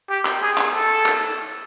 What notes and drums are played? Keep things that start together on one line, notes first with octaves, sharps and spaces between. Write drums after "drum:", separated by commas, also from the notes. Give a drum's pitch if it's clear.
G4
drum: clap
G#4
drum: clap
A4
drum: clap